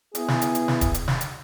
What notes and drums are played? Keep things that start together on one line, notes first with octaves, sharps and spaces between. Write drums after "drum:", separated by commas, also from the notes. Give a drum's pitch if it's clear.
B3 E4 G#4, drum: hi-hat
drum: snare
drum: hi-hat
drum: hi-hat
drum: snare
drum: kick D#1, hi-hat
drum: hi-hat
drum: snare
drum: hi-hat